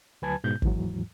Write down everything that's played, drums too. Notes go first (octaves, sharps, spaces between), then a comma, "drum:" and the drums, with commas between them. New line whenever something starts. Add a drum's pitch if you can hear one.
D2 F#3 B4 G#5 A5 G#6
G#2 B2 G6
D#2 G#2 E3 F#3, drum: kick